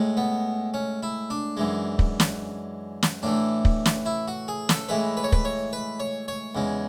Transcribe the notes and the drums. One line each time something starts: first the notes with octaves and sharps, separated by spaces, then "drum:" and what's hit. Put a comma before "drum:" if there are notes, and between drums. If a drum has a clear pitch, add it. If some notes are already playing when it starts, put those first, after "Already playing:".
Already playing: A2 G#3
B3
C#4
E4
D4
F#2 E3 G#3
drum: kick
drum: snare
drum: snare
A2 E3 A3 D4
drum: kick
drum: snare
E4
F#4
G#4
A4, drum: snare
A2 E3 G#3 B4
B4
C#5
B4, drum: kick
C#5
B4
C#5
C#5
E2 C#3 G#3